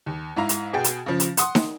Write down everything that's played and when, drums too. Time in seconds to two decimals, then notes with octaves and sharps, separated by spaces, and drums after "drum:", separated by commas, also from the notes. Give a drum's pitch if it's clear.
0.06 D#2
0.36 G#2 E4 F5 A#5 F7
0.49 drum: hi-hat
0.73 B2 G#4 F#5 G5 A6
0.84 drum: hi-hat
1.06 C#3 F3
1.20 drum: hi-hat
1.37 F#5 C6 D#6, drum: hi-hat
1.55 drum: snare D#4